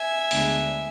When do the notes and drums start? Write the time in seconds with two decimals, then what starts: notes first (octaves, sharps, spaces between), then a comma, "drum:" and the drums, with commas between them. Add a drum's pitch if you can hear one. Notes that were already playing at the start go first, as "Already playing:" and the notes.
Already playing: E5 G#5
0.31 D2 D3 G#3 B3 D4, drum: open hi-hat